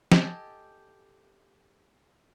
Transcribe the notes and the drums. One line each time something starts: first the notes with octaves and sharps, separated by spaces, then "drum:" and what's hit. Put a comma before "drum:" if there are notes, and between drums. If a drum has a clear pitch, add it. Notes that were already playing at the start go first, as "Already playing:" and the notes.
G4 A4 D#5 G#5 A5, drum: snare